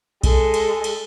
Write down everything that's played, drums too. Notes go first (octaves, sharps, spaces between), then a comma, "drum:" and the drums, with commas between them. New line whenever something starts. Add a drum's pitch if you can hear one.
G#3 A4, drum: kick B1, cymbal
drum: cymbal
drum: cymbal